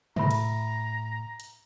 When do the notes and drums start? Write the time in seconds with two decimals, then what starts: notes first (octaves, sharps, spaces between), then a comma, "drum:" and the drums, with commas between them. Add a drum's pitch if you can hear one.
0.16 A2 E5 A#5 B5, drum: tom
0.31 drum: cymbal
1.40 drum: hi-hat